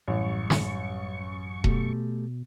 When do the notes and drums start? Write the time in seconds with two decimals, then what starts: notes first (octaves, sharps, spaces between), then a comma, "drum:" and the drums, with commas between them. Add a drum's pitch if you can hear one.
0.08 A1 F#2 G3 C#6
0.50 drum: snare
1.64 B2 A3 G4 A4, drum: kick D#1